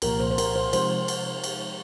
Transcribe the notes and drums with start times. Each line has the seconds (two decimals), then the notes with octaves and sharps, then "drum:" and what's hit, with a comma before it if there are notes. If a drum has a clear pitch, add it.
0.02 C2 A#2 F3 A#3 A#4, drum: cymbal
0.20 C5
0.31 C5
0.38 A#4, drum: cymbal
0.56 C5
0.73 C3 F3 G#3 D#4 A#4 C5, drum: cymbal
1.08 drum: cymbal
1.44 drum: cymbal